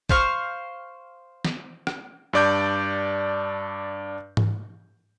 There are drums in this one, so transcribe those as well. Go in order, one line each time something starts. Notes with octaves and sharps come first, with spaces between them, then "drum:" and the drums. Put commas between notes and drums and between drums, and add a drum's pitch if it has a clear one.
C5 F5 C#6, drum: kick
drum: snare
drum: rim click
G2 D4 D5 D6 G6
drum: tom G#2